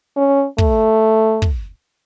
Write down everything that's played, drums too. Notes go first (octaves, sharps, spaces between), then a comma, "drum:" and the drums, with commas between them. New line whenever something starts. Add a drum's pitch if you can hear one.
C#4
A3, drum: kick
drum: kick